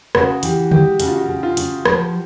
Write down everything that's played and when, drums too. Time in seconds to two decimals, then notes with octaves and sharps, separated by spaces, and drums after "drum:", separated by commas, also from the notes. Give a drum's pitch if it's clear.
0.15 C#3 F#4, drum: rim click
0.43 E3 G4, drum: hi-hat
0.71 G#3 G4, drum: tom D3
1.00 C#3 F#4, drum: hi-hat
1.08 F4
1.15 F#4
1.28 C#3
1.43 F4
1.57 C#3, drum: hi-hat
1.85 F3, drum: rim click